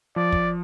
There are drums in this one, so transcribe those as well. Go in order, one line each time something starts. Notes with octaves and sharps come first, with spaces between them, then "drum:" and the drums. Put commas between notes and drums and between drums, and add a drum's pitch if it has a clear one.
F3 D5
drum: kick